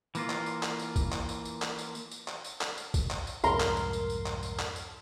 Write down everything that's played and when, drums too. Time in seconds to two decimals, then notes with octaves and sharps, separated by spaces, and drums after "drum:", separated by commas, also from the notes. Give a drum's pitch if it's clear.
0.15 E3 A#3 F4, drum: tambourine
0.30 drum: clap
0.46 drum: tambourine
0.63 drum: clap
0.79 drum: tambourine
0.96 drum: kick, tambourine
1.12 drum: clap
1.29 drum: tambourine
1.45 drum: tambourine
1.62 drum: clap
1.78 drum: tambourine
1.95 drum: tambourine
2.11 drum: tambourine
2.28 drum: clap
2.44 drum: tambourine
2.61 drum: clap
2.77 drum: tambourine
2.94 drum: kick, tambourine
3.11 drum: clap
3.27 drum: tambourine
3.44 C2 F2 G#2 A#4 C6, drum: tambourine
3.60 drum: clap
3.77 drum: tambourine
3.93 drum: tambourine
4.10 drum: tambourine
4.26 drum: clap
4.43 drum: tambourine
4.59 drum: clap
4.76 drum: tambourine